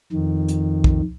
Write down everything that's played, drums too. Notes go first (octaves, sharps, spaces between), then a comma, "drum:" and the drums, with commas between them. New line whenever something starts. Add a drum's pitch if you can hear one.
F2 D#3
drum: hi-hat
drum: kick